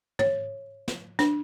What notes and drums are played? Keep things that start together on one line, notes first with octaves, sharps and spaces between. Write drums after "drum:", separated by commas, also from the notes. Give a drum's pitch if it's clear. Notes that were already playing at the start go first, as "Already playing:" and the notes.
C#5, drum: tom
drum: snare
D4, drum: snare